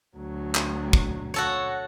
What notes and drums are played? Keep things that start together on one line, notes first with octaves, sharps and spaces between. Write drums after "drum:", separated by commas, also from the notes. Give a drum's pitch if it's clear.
D2 F#3
drum: clap
drum: kick
F#4 A4 C#5